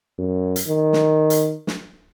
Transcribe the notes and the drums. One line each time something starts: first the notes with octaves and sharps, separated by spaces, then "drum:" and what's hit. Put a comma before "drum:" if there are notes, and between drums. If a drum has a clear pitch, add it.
F#2
drum: hi-hat
D#3
drum: snare
drum: hi-hat
drum: snare